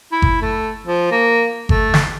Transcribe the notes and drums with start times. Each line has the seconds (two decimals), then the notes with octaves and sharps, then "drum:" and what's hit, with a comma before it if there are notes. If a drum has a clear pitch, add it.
0.12 E4
0.22 drum: kick G1
0.42 A3
0.86 F3
1.11 A#3
1.69 A3, drum: kick G1
1.94 drum: snare